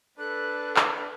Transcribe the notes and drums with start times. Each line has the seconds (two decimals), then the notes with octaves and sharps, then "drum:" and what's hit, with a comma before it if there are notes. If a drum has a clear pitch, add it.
0.19 D4 A4 B4 F#6
0.76 drum: clap